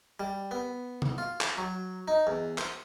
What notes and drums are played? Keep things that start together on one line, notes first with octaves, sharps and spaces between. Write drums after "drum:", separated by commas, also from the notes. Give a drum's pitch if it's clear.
G3
B3
drum: tom C3
F4
drum: clap
F#3
D#4
E2
C5, drum: clap